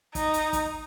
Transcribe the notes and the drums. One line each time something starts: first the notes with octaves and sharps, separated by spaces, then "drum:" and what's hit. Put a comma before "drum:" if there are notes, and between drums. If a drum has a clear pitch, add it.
D#4, drum: kick, hi-hat
drum: hi-hat
drum: kick, hi-hat